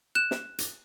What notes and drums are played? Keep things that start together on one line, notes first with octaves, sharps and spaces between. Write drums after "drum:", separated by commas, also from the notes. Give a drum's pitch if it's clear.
F#6 E7
drum: snare
drum: hi-hat